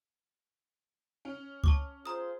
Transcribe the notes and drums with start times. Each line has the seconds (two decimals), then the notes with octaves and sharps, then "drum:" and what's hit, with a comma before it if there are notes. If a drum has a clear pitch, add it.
1.25 C#4
1.64 A5 C#6 D6, drum: kick C#2
2.06 F4 G#4 C5 A#5 D#6